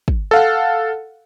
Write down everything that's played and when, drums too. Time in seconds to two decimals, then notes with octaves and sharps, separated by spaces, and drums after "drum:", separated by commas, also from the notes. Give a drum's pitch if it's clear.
0.08 drum: kick
0.31 A4 F5 F#5